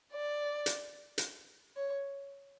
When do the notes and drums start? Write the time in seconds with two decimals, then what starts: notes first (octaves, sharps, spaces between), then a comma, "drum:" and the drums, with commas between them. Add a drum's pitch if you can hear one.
0.13 D5
0.66 drum: hi-hat
1.18 drum: hi-hat
1.76 C#5